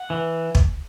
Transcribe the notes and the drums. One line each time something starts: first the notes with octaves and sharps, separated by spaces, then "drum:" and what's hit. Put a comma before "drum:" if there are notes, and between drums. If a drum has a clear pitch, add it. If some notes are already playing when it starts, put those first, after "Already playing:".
Already playing: F#5
E3
drum: kick